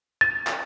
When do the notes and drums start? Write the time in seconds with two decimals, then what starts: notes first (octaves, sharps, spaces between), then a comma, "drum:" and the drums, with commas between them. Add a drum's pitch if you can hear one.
0.21 A6
0.47 drum: clap